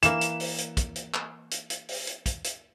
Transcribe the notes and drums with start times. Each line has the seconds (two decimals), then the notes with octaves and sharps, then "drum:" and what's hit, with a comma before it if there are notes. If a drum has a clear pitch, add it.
0.03 E3 A#3 E7, drum: hi-hat
0.21 drum: hi-hat
0.40 drum: open hi-hat
0.58 drum: hi-hat
0.77 drum: kick, hi-hat
0.96 drum: hi-hat
1.14 drum: clap
1.51 drum: hi-hat
1.70 drum: hi-hat
1.89 drum: open hi-hat
2.07 drum: hi-hat
2.26 drum: kick, hi-hat
2.44 drum: hi-hat